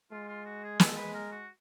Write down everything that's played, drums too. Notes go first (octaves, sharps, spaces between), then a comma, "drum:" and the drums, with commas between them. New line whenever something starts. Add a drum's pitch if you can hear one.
G#3 F4
F4
F#4
G#4
A4, drum: snare
B4
A#4
F#4